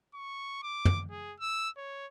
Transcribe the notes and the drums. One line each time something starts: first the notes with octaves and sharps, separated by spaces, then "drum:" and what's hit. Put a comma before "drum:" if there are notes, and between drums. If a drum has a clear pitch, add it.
C#6
D6
drum: tom
G#4
E6
C#5